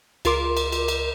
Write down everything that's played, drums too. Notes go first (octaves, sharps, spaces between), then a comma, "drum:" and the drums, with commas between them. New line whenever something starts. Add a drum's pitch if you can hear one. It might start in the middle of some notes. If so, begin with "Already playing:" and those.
C#2 F4 A#4 C6 D6, drum: cymbal
drum: cymbal
drum: cymbal
drum: cymbal